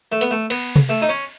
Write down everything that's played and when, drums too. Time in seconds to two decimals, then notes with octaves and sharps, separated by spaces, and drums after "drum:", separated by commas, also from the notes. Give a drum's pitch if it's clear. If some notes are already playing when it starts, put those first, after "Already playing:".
0.12 A3
0.21 B3, drum: hi-hat
0.31 A3
0.50 B3, drum: cymbal
0.76 drum: tom C3
0.89 A3
1.02 D#4
1.09 C#4